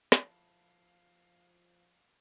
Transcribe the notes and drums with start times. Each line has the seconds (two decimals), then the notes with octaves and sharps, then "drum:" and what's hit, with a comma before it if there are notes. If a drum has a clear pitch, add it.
0.12 F3 E4 A4 F5, drum: snare